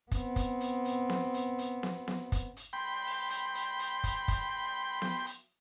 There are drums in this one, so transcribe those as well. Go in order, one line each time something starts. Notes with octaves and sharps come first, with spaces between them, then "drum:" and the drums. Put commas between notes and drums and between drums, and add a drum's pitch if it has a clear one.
B3 C4, drum: kick, hi-hat
drum: kick, hi-hat
drum: hi-hat
drum: hi-hat
drum: snare B3
drum: hi-hat
drum: hi-hat
drum: snare B3
drum: snare B3
drum: kick, hi-hat
drum: hi-hat
G5 B5 C6
drum: open hi-hat
drum: hi-hat
drum: hi-hat
drum: hi-hat
drum: kick, hi-hat
drum: kick, hi-hat
drum: snare B3
drum: hi-hat